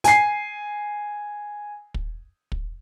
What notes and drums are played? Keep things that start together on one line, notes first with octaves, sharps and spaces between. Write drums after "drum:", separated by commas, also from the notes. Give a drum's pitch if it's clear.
G#5 C7, drum: hi-hat
drum: kick
drum: kick